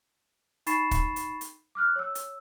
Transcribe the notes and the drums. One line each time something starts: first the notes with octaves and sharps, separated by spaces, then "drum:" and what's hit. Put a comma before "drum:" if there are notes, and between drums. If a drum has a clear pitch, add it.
D#4 B5 C#6 A6 C7 E7, drum: hi-hat
drum: kick, hi-hat
drum: hi-hat
drum: hi-hat
D6 F6 F#6
C#5 E6
drum: hi-hat